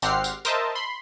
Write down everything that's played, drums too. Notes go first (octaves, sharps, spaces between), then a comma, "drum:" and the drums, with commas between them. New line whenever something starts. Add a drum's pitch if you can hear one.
G#1 C4 G4 F#5 F6 C7, drum: tambourine
drum: tambourine
A#4 C5 D#5 E5 A5, drum: tambourine
B5 C6